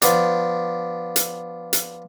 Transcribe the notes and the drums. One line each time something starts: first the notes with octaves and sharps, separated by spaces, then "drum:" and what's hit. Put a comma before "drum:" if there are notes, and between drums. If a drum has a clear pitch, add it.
F3 B3 D4, drum: hi-hat
drum: hi-hat
drum: hi-hat